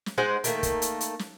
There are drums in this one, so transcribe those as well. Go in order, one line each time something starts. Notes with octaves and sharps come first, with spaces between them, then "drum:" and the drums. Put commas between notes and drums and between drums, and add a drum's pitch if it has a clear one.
drum: snare
G#3 D#4 C5 F#5
D#3 A3 A#3, drum: hi-hat
drum: kick, hi-hat
drum: hi-hat
drum: hi-hat
drum: snare